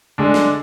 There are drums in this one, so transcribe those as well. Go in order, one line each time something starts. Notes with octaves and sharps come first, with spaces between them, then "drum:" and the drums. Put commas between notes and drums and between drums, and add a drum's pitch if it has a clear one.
D3 G#3 D4
drum: snare